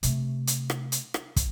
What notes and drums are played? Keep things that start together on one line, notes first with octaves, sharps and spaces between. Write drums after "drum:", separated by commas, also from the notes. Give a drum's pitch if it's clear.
C3 A3, drum: hi-hat
drum: hi-hat
drum: rim click
drum: hi-hat
drum: rim click
drum: kick, hi-hat